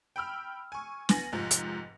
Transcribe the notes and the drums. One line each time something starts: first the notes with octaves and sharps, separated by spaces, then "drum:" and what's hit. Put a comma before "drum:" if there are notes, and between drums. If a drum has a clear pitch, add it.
G5 B5 E6 F6
G#5 C#6
B3 G#5 A#6 F#7, drum: snare
F1 G#2 F3
drum: hi-hat